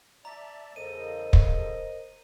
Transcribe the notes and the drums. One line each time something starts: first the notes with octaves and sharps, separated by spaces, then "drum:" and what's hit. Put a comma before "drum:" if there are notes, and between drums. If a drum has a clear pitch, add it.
D5 E5 A5 A#5
E2 C#3 A4 A#4 C5 D#5 D#7
drum: kick